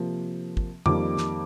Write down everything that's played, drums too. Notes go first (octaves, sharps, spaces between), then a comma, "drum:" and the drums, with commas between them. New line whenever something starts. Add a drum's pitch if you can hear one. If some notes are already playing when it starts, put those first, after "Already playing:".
Already playing: C3 F3 A#3
drum: kick
F2 D#3 G3 A#3 D6, drum: tom F2
drum: snare